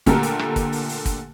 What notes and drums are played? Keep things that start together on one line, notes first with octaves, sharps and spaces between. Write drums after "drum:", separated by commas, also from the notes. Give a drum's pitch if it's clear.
A#2 D3 A3 G4 A4 A#4, drum: kick, hi-hat
drum: hi-hat
drum: rim click
drum: kick, hi-hat
drum: open hi-hat
drum: open hi-hat
drum: kick, hi-hat